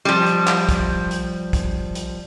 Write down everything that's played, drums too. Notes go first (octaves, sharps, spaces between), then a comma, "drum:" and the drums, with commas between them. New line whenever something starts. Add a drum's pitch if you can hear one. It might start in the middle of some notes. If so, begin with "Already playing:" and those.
F3 G3
drum: hi-hat
drum: clap
drum: kick, hi-hat
drum: hi-hat
drum: kick, hi-hat
drum: hi-hat